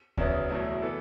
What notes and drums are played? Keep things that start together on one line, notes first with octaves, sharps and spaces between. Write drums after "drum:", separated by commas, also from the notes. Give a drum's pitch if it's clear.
E2 C#3 F#3 B3 E4, drum: kick D2
E2 B2 F#3 A3 E4
E3 B3 A4